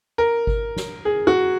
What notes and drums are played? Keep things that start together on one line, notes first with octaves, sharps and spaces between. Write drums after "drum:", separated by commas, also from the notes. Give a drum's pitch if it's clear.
A#4
drum: kick G#1
drum: snare
G#4
F#4